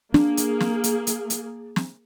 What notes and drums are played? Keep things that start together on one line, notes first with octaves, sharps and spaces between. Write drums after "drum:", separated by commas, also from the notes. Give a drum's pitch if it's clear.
A#3 D4 G#4, drum: snare
drum: hi-hat
drum: snare
drum: hi-hat
drum: hi-hat
drum: hi-hat
drum: snare